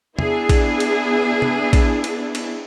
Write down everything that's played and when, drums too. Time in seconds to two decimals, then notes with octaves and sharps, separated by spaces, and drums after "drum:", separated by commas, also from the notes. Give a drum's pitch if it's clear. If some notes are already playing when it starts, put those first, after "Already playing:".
0.19 B3 D4 E4 G#4, drum: tom
0.49 drum: kick A#1, cymbal
0.80 drum: cymbal
1.42 drum: tom
1.73 drum: kick A#1, cymbal
2.04 drum: cymbal
2.35 drum: cymbal